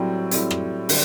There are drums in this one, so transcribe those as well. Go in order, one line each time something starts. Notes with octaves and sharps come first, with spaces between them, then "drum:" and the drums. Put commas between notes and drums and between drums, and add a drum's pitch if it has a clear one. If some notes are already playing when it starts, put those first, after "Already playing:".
Already playing: A2 F#3 G3 C4
A2 G3 C4, drum: hi-hat
drum: rim click
D3 G3, drum: open hi-hat